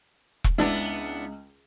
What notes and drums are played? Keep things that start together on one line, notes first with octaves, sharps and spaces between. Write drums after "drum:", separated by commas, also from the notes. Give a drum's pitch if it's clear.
drum: kick E1
C#2 B3 D4 E4